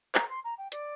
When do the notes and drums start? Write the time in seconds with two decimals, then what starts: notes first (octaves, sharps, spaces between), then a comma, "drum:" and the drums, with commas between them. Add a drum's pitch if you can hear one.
0.15 A#5, drum: clap
0.29 C6
0.44 A#5
0.58 G5
0.72 D5, drum: hi-hat